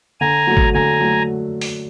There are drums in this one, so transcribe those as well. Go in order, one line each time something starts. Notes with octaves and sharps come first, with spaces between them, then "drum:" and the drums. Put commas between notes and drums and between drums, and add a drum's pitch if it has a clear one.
D3 G#5 A#5
F#3 A3
drum: kick G#1
D3 G#5 A#5
F#3 A3
drum: open hi-hat